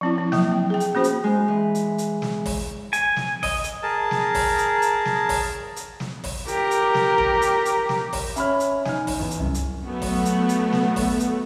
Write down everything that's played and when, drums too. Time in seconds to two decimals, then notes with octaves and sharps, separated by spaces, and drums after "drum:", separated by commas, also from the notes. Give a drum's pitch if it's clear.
0.01 F3 C4 E4
0.18 C4
0.32 F#3 A#3, drum: snare
0.52 G5
0.70 G#4 G5
0.80 drum: hi-hat
0.95 A#3 C#4 F#4 C5
1.04 drum: hi-hat
1.24 G#3
1.48 E3
1.75 drum: hi-hat
1.98 drum: hi-hat
2.22 drum: snare
2.46 drum: kick, open hi-hat
2.93 G#5, drum: hi-hat
3.16 drum: snare
3.43 D#5, drum: kick, open hi-hat
3.64 drum: hi-hat
3.83 G#4 A#4 A5
4.11 drum: snare
4.35 drum: kick, open hi-hat
4.58 drum: hi-hat
4.82 drum: hi-hat
5.05 drum: snare
5.29 drum: kick, open hi-hat
5.76 drum: hi-hat
6.00 drum: snare
6.24 drum: kick, open hi-hat
6.48 G4 A#4, drum: hi-hat
6.71 drum: hi-hat
6.94 drum: snare
7.18 drum: kick
7.42 drum: hi-hat
7.65 drum: hi-hat
7.89 drum: snare
8.13 drum: kick, open hi-hat
8.36 C#4 C#5 E5 B5 F6, drum: hi-hat
8.60 drum: hi-hat
8.85 D#4 G#5 F6, drum: snare
9.07 drum: kick, open hi-hat
9.20 E2
9.31 drum: hi-hat
9.40 C2 F#2
9.54 drum: hi-hat
9.85 F#3 A3 B3 F#4
10.02 drum: kick, open hi-hat
10.25 drum: hi-hat
10.49 drum: hi-hat
10.73 drum: snare
10.96 drum: kick, open hi-hat
11.20 drum: hi-hat